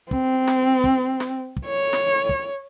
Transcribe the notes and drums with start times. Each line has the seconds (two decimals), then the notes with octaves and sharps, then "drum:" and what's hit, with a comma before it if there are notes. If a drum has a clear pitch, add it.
0.11 C4, drum: kick
0.47 drum: snare
0.84 drum: kick
1.20 drum: snare
1.57 drum: kick
1.66 C#5
1.93 drum: snare
2.29 drum: kick